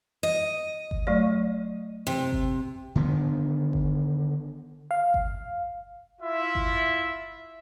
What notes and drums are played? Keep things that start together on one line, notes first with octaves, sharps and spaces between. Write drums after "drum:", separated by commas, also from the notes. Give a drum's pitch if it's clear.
D#5
drum: kick G1
F#3 A3 D5
C3
drum: kick G1
D3 D#3 B3
drum: kick G1
F5
drum: kick G1
E4 F4 E5
drum: kick G1